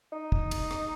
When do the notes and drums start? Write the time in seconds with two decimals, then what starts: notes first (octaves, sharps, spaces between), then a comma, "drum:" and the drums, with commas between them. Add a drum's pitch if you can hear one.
0.12 D#4
0.32 drum: kick
0.51 drum: cymbal
0.71 drum: rim click